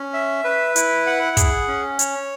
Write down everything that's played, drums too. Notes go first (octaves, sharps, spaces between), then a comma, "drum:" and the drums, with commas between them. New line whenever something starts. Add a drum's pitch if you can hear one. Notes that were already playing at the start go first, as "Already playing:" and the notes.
Already playing: C#4
E5
B4
E4, drum: hi-hat
F#5
G#4, drum: kick, hi-hat
C#4
C#5, drum: hi-hat